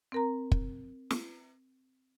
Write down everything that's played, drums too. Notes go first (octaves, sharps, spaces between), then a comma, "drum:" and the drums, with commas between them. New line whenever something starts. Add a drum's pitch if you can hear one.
C4 A#4 A#5
drum: kick
drum: snare